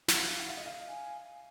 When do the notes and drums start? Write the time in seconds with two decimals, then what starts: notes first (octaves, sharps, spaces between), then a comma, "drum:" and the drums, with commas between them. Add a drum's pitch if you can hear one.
0.08 F#5, drum: snare
0.16 F5
0.39 F#5
0.48 F5
0.57 D#5
0.66 F5
0.88 G#5